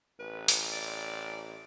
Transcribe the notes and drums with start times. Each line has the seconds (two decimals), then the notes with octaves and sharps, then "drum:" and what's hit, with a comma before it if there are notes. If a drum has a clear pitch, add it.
0.19 A1 B4
0.48 drum: open hi-hat
0.72 D5